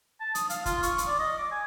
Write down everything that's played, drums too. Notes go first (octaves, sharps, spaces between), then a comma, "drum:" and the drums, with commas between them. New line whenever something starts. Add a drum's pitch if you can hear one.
A5
D#6, drum: hi-hat
F5, drum: hi-hat
F4, drum: kick, hi-hat
C#6, drum: hi-hat
drum: hi-hat
D5
D#5
D6
G#5